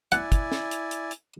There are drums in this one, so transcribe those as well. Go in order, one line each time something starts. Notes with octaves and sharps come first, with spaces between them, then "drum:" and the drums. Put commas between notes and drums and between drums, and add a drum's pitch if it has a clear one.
E4 D5 F#5 G#5, drum: hi-hat
drum: kick, hi-hat
drum: snare
drum: hi-hat
drum: hi-hat
drum: hi-hat